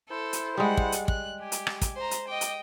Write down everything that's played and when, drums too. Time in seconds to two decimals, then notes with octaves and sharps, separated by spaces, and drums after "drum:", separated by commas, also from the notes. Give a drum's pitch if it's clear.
0.10 E4 A4 C5
0.33 drum: hi-hat
0.57 G3 G#3 F#5
0.77 drum: kick
0.92 drum: hi-hat
1.08 F#6, drum: kick
1.41 G4 G#5
1.52 drum: hi-hat
1.67 drum: rim click
1.81 drum: kick, hi-hat
1.96 C5 A#5
2.11 drum: hi-hat
2.28 D#5 G5 D6
2.41 drum: hi-hat